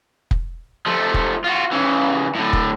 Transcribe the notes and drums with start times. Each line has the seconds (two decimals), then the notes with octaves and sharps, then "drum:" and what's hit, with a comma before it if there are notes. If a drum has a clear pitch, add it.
0.31 drum: kick
0.86 F3 A3
1.14 drum: kick
1.44 F4 F#4
1.71 C#3 E3
2.35 A2 D3
2.53 drum: kick